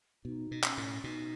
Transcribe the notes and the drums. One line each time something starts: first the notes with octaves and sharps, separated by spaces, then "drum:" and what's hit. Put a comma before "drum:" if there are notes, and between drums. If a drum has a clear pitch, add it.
B2 D#4
B2
C#4, drum: clap
A2
B2 D#4